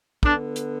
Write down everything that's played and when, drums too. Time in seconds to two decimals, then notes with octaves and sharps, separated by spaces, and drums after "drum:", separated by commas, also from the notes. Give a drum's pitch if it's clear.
0.23 D3 B3 D4, drum: kick
0.56 drum: hi-hat